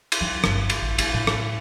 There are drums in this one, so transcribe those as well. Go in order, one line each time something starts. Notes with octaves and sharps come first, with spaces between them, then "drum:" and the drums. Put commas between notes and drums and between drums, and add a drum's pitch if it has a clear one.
drum: cymbal
F#3 D#4
G1 F#2, drum: rim click
drum: cymbal
A1
A3, drum: cymbal
A2
drum: rim click